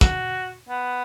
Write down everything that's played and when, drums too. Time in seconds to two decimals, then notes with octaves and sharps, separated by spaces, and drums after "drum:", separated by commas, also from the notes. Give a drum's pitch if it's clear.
0.01 F#4, drum: kick
0.69 B3